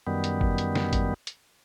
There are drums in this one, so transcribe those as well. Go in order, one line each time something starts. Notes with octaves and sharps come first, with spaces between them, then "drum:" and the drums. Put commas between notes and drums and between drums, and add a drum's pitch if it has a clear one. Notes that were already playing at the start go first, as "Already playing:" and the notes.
F#2 D#3 G3 B3
drum: hi-hat
drum: kick G1
drum: hi-hat
drum: snare
drum: kick G1, hi-hat
drum: hi-hat